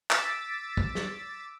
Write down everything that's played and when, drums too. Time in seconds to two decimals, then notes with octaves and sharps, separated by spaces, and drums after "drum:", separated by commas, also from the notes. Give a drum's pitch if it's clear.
0.10 D6 E6 A6 B6, drum: clap
0.77 drum: kick
0.95 drum: snare